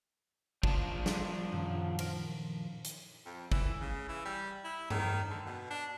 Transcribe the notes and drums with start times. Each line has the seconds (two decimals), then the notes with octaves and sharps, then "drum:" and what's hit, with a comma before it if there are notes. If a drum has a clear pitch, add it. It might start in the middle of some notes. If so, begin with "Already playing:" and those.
0.63 F3 D4, drum: kick
1.06 drum: snare
1.52 F#2 A#2 D#3
1.99 F3 A#4 D7, drum: cymbal
2.84 drum: hi-hat
3.26 F2
3.52 E3, drum: kick
3.80 C#3
4.08 E3
4.25 G3
4.64 E4
4.90 D#3, drum: tom G2
5.29 D3
5.46 B2
5.70 D4